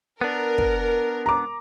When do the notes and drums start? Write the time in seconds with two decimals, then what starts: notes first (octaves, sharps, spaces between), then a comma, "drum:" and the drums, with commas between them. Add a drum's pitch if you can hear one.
0.21 B3 D4 A#4
0.58 drum: kick
1.26 A#5 D6